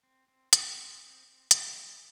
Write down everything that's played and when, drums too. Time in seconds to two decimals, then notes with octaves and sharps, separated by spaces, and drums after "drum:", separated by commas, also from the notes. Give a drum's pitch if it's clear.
0.03 C4
0.28 C4
0.53 C4, drum: hi-hat
0.78 C5
1.02 C4
1.26 C4
1.51 C4, drum: hi-hat
1.77 C4